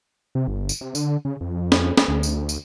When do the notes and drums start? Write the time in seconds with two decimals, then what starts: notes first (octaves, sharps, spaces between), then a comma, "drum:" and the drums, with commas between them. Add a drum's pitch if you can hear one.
0.35 C3
0.48 G1
0.69 drum: tambourine
0.81 C3
0.95 D3, drum: tambourine
1.25 C#3
1.41 F2
1.72 drum: snare
1.98 drum: snare
2.08 D2
2.23 drum: tambourine
2.49 drum: tambourine